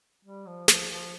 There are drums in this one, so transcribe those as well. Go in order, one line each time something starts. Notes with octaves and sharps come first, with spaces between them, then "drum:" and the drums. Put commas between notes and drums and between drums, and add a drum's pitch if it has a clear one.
G3
F3
F3, drum: snare
F3